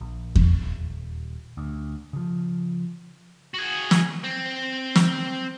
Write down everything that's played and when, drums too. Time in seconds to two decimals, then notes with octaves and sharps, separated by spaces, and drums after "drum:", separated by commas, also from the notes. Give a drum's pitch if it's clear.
0.01 A#1
0.36 drum: kick E2
0.62 D#1
1.57 D2
2.13 C#3 F3
3.54 F#4 G#4
3.91 drum: snare
4.24 C4
4.96 drum: snare